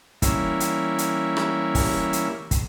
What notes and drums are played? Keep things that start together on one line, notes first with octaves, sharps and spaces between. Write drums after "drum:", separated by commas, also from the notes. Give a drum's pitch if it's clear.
E3 G3 A#3 C#4 E4, drum: kick, hi-hat
drum: hi-hat
drum: hi-hat
drum: rim click
drum: kick, open hi-hat
drum: hi-hat
drum: kick, hi-hat